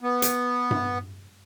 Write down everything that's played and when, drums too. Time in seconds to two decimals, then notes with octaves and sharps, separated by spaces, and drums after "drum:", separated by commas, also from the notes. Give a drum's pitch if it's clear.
0.01 B3
0.22 drum: hi-hat
0.71 drum: tom G2